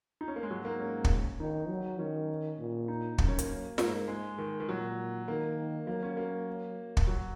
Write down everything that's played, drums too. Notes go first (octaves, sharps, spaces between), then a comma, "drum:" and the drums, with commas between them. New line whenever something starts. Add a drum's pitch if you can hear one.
D#4
C#4
A#3
G#3
G#2 F#3
A#3
C#4
drum: kick
D#3 D#4
F#3
D#3 C#4
A#2
D#4
F#2, drum: kick
C#4
A#3, drum: hi-hat
G#2 A#3, drum: snare
A#3
G#3
D#3
D#3
A#2 F#3
D#3 A#3
F#3 A#3
C#4
A#3
drum: kick
F#3